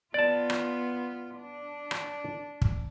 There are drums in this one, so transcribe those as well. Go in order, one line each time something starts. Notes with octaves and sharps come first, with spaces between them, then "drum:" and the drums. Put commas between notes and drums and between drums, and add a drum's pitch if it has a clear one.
B3 F4 D5 A5
drum: rim click
D4
drum: rim click
drum: kick